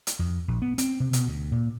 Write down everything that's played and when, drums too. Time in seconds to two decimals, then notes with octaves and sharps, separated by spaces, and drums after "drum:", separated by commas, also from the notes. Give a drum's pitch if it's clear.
0.07 drum: hi-hat
0.19 F2
0.48 A#1
0.62 B3
0.78 C4, drum: hi-hat
1.00 C3
1.13 B2, drum: hi-hat
1.27 D2
1.52 A#2